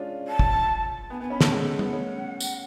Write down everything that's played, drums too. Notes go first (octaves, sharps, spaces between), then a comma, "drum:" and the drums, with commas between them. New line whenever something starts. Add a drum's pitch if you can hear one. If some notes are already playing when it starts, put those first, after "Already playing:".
Already playing: G#3 C#4 D4 F4
A5
drum: kick
B3 G#5
B3 G#5
C#4 B5
A3 A5, drum: snare
G#3 F#5
A3
B3, drum: tom
C#4
drum: tambourine